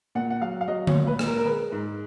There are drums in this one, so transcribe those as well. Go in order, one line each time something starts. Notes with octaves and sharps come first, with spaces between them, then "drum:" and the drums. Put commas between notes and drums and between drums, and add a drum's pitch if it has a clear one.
A#2 F#5
F#5
F#3 F5
F5
F#3 D#5
C#5, drum: tom D3
A#2
B4
A#2, drum: rim click
A#4
A#4
G#3 B4
G#2